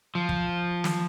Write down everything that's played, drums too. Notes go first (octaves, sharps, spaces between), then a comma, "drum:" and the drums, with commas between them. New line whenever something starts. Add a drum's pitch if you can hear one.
F3
drum: kick
drum: snare